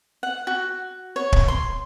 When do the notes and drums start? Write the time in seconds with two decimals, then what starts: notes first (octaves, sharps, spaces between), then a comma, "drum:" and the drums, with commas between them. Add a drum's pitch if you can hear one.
0.23 F#5
0.47 F#4
1.16 C#5
1.32 drum: kick
1.48 C6